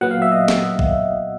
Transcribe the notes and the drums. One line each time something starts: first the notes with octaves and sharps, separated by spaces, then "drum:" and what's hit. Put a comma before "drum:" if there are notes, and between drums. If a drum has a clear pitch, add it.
A#2 F#3 B3 F#5
F5
E5
D#5 F5
drum: snare
drum: kick